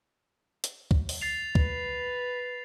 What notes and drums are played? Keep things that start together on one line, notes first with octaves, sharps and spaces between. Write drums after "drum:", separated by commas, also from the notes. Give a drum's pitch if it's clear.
drum: hi-hat
drum: kick
drum: open hi-hat
A6 C7 F7
B4, drum: kick